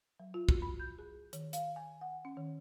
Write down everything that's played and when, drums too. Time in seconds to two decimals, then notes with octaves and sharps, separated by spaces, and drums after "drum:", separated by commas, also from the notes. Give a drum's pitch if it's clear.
0.20 F#3
0.34 F4
0.49 F#4, drum: kick
0.62 B5
0.80 G6
0.99 G#4
1.33 D#3, drum: hi-hat
1.53 F5, drum: hi-hat
1.76 G#5
2.01 F#5
2.25 C#4
2.37 D#3